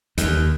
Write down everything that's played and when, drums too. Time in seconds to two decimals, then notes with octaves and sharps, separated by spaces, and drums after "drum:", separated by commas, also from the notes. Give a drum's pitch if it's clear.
0.18 D#2, drum: hi-hat